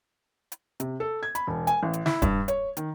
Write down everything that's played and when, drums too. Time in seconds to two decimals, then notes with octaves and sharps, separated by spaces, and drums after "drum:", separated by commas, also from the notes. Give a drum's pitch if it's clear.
0.52 drum: hi-hat
0.80 C3, drum: hi-hat
1.00 A4
1.23 G#6
1.35 B5, drum: hi-hat
1.47 E1
1.67 G#5, drum: hi-hat
1.83 A1
1.93 drum: hi-hat
2.06 E4, drum: snare
2.22 G2, drum: kick D#1, hi-hat
2.48 C#5, drum: hi-hat
2.77 D#3, drum: hi-hat